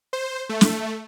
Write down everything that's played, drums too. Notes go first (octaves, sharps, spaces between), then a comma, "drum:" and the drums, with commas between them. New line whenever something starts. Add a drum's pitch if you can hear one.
C5
A3
drum: snare